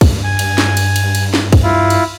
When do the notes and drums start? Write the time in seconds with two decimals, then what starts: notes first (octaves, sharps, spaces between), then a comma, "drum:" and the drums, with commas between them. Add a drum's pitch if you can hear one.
0.01 G2, drum: kick, cymbal
0.24 G#5
0.39 drum: cymbal
0.58 drum: snare
0.77 drum: cymbal
0.96 drum: cymbal
1.15 drum: cymbal
1.34 drum: snare
1.52 drum: kick, cymbal
1.63 E4 F4
1.90 drum: cymbal